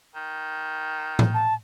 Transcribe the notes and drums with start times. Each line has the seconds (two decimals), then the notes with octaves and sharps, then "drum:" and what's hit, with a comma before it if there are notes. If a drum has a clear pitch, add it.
0.15 D#3
1.19 drum: tom A2
1.34 A5